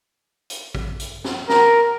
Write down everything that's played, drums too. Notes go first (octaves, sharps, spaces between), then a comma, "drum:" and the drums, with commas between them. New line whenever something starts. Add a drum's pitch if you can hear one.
drum: hi-hat
drum: kick A1
drum: hi-hat
drum: snare
A#4, drum: snare